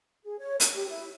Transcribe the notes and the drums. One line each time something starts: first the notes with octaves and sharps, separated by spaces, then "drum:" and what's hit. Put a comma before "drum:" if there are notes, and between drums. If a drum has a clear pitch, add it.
G#4
C#5
A#4, drum: hi-hat
G4
E4